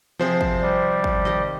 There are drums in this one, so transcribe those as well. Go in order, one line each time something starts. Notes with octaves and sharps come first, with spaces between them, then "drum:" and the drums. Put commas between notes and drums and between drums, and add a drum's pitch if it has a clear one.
C3 F3 G#4 C5
drum: kick
G3
drum: kick
D#3 G4 D#5